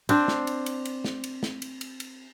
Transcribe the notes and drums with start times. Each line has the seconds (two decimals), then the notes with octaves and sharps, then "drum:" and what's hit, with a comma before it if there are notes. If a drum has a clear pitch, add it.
0.09 C4 D4 C5, drum: cymbal
0.28 drum: snare
0.47 drum: cymbal
0.66 drum: cymbal
0.85 drum: cymbal
1.04 drum: snare
1.24 drum: cymbal
1.43 drum: snare
1.62 drum: cymbal
1.81 drum: cymbal
2.00 drum: cymbal